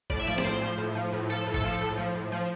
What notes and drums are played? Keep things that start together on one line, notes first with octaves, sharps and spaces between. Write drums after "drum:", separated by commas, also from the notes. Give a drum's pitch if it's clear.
A2 D5, drum: kick
E5
F3 D5
D5, drum: snare
A2 C5
F3
A2
F3
A2
F3 A4
A2
A4, drum: kick
F3
A2
F3
A2
F3